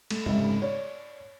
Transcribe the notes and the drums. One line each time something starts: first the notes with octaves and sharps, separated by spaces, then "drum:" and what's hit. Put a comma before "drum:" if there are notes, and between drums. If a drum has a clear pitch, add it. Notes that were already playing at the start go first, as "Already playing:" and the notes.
A3, drum: cymbal
F1 G#2 C#3 G3 E5, drum: tom F2
C#5 D5